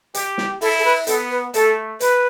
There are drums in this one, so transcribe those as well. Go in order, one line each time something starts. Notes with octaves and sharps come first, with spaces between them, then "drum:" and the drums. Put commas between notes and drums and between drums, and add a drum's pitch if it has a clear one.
G4, drum: hi-hat
drum: snare
E4 A4, drum: open hi-hat
A4
B4
B3 A4, drum: hi-hat
B4
A3 A4, drum: hi-hat
B4, drum: hi-hat